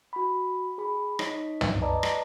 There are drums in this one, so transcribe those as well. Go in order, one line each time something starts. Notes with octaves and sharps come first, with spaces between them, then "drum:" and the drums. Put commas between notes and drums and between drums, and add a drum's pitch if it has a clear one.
F#4 B5
G#4 B5
D#4 C#5 D#5 B6, drum: rim click
drum: tom
B4 D5 D#5 A5 A#5
drum: rim click